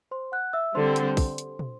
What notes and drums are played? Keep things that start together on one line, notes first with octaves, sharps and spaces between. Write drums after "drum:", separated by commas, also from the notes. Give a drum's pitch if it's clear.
C5 C6
F#5 F#6
E5 E6
D3 G3 C4 C5 C6
drum: hi-hat
drum: kick, open hi-hat
drum: hi-hat
drum: tom